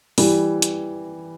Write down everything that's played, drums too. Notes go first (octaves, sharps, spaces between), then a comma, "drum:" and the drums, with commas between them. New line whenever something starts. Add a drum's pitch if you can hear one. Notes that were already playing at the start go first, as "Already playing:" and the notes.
E3 G3, drum: open hi-hat
drum: hi-hat